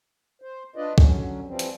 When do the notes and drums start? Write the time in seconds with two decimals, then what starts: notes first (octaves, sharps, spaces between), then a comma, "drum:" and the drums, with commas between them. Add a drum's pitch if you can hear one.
0.42 C5
0.76 D4 F4 B4 D5 D#5
0.98 D3 F#3 C#4, drum: kick B1
1.47 E3 F3 G3 C4
1.59 drum: hi-hat